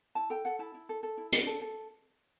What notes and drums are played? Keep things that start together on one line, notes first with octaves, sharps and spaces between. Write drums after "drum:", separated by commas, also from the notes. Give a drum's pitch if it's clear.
E4 A5
A4 G5
A4 F#5
E4 A5
E4
A4
A4
E4
D4, drum: hi-hat
A4
A4